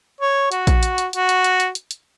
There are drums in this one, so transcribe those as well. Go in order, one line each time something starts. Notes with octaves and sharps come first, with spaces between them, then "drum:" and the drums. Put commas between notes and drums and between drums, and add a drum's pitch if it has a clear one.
C#5
F#4, drum: hi-hat
drum: kick A#1, hi-hat
drum: hi-hat
drum: hi-hat
F#4, drum: hi-hat
drum: hi-hat
drum: hi-hat
drum: hi-hat
drum: hi-hat
drum: hi-hat